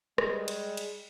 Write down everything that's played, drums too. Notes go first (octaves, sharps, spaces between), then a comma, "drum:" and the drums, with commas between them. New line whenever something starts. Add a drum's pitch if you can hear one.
G3 G#3, drum: rim click
drum: cymbal
drum: cymbal